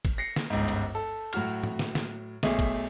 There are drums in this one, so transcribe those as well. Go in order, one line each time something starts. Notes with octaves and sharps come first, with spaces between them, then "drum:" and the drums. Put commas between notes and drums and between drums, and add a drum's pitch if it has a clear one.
drum: kick, cymbal
A#6 C7 C#7
drum: snare
G1 C#2 G#2
drum: cymbal
A4
A2 F#3 F#4 F6, drum: cymbal
drum: tom G#2
drum: snare
drum: snare
B1 A3 G#4, drum: snare
drum: kick, cymbal